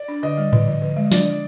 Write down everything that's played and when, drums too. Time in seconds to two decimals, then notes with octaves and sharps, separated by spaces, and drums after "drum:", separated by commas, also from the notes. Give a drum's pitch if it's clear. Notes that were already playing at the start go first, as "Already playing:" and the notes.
Already playing: D5
0.08 D4
0.23 D3 D#5
0.37 G3
0.53 D3, drum: tom A2
0.68 F3
0.82 D3
0.97 G#3
1.12 D4 D5, drum: snare
1.26 F3